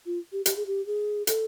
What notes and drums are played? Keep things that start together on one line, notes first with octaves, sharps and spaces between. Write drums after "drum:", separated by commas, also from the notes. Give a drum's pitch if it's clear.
F4
G4
G4, drum: hi-hat
G#4
G4
G#4
A4, drum: hi-hat